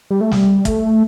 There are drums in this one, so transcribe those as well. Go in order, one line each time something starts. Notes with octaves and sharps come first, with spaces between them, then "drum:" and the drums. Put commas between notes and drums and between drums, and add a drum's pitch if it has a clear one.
G3
A3
G3, drum: snare
A3, drum: kick, hi-hat